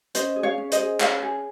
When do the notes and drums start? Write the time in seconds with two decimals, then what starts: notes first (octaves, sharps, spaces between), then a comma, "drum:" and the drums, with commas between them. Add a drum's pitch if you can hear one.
0.15 C#4 C5 D#5, drum: hi-hat
0.36 G#4
0.43 C#5 F5
0.58 C#4
0.72 C5 D#5, drum: hi-hat
0.79 G#4
1.00 C#4 C#5 F5, drum: clap
1.22 G#4